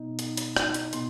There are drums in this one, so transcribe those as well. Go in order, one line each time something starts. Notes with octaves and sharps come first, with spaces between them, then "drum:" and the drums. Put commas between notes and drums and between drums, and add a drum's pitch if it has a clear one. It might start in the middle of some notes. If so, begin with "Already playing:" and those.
Already playing: B2 D#4
D#4, drum: hi-hat
drum: hi-hat
D#4, drum: rim click
drum: hi-hat
B2 C6, drum: hi-hat